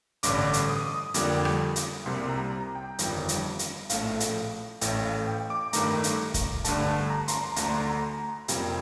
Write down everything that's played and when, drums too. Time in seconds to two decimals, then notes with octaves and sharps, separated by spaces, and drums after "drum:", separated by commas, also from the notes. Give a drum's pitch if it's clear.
0.23 A1 G2 D3 D6, drum: hi-hat
0.53 drum: hi-hat
0.69 D#6
1.14 F2 D3 G3 A#3 D6, drum: hi-hat
1.45 drum: rim click
1.76 drum: hi-hat
2.06 C2 C3 G3 A#3 C6
2.29 A#5
2.52 A#5
2.75 G5
2.99 G1 F2 D#3 G3, drum: hi-hat
3.29 drum: hi-hat
3.59 drum: hi-hat
3.89 A#1 A2 A3 F5, drum: hi-hat
4.20 drum: hi-hat
4.81 A1 A2 A3 G5, drum: hi-hat
5.05 F5
5.27 G5
5.50 D6
5.73 G2 D#3 A3 A#5, drum: hi-hat
6.04 drum: hi-hat
6.34 drum: kick, hi-hat
6.64 G2 D3 A3 A5, drum: hi-hat
6.88 A5
7.10 A#5
7.28 C6, drum: hi-hat
7.34 A#5
7.56 D2 D3 A3 A#5, drum: hi-hat
7.69 C6
7.82 A#5
8.48 F2 C3 G3 A#3, drum: hi-hat